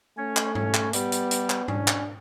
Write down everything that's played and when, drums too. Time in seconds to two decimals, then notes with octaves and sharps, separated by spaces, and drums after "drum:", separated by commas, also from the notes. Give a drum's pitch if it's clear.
0.17 A3 C#4 C#5
0.37 drum: clap
0.55 C#4 C#5, drum: tom G#2
0.74 drum: clap
0.93 G3 B3 G4, drum: hi-hat
1.12 drum: hi-hat
1.31 drum: hi-hat
1.50 drum: clap
1.68 C#4 D4, drum: tom G#2
1.88 drum: clap